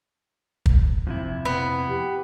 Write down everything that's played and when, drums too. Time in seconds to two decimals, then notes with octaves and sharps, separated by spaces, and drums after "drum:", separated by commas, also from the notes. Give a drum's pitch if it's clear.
0.66 drum: kick
1.07 F2 C3 E4
1.45 B3
1.89 G4